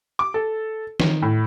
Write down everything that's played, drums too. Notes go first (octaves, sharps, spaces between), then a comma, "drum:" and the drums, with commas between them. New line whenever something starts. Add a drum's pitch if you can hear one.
D6
A4
D#3, drum: snare
A2